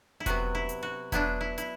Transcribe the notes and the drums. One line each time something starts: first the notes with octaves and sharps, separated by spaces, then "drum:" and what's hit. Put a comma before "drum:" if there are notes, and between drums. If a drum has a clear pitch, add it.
E4
C3 F#3 B3 F#4, drum: kick E1, hi-hat
E4
drum: hi-hat
F#4
F#3 B3 D4 E4, drum: kick E1, hi-hat
E4
E4, drum: hi-hat